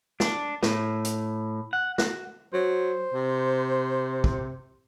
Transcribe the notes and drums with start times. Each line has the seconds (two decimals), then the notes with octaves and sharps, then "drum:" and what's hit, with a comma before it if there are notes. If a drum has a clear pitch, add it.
0.20 D4, drum: snare
0.63 A2, drum: snare
1.05 drum: hi-hat
1.73 F#5
1.98 F#4, drum: snare
2.53 F#3 C5
3.14 C3
4.24 drum: kick